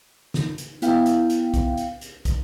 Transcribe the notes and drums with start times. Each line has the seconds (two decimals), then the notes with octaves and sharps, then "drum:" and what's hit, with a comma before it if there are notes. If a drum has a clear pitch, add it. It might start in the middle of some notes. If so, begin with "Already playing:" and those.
0.34 drum: snare
0.58 drum: hi-hat
0.82 B3 E4 F5 G5, drum: hi-hat
1.06 drum: hi-hat
1.30 drum: hi-hat
1.54 drum: kick, hi-hat
1.78 drum: hi-hat
2.01 drum: hi-hat
2.25 drum: kick, hi-hat